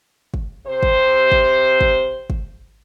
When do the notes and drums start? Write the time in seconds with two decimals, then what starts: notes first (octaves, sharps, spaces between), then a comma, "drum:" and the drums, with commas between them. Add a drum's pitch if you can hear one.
0.34 drum: kick
0.66 C3 C5
0.83 drum: kick
1.32 drum: kick
1.81 drum: kick
2.30 drum: kick